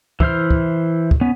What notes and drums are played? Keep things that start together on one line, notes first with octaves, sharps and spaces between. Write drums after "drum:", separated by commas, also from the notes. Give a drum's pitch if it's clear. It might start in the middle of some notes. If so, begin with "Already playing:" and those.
E3 E4 C5 F6, drum: kick
drum: kick
drum: kick
B3 C#4